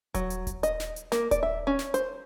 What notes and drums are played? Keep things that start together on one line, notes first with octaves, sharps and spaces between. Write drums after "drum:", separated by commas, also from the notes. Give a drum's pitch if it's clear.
F#3, drum: kick D#1, hi-hat
drum: hi-hat
drum: kick D#1, hi-hat
D#5, drum: hi-hat
drum: snare
drum: hi-hat
A#3, drum: snare
D5, drum: kick D#1, hi-hat
E5
C#4
drum: snare
C5, drum: hi-hat